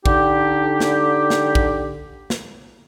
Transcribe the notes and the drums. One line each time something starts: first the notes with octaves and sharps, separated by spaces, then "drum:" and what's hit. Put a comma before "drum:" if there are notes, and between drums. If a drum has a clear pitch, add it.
D3 D#4 G4, drum: kick
drum: snare
drum: snare
drum: kick
drum: snare